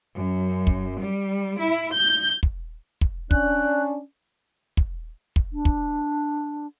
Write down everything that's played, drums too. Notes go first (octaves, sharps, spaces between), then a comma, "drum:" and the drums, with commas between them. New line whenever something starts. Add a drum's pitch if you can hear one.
F#2
drum: kick
G3
E4
G6
drum: kick
drum: kick
C#4 D4 F#6, drum: kick
drum: kick
drum: kick
D4
drum: kick